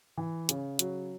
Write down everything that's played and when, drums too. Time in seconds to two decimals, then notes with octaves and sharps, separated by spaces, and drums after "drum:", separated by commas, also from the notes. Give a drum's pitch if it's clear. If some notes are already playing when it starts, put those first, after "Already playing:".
0.17 E3
0.49 C#3, drum: hi-hat
0.79 F#3, drum: hi-hat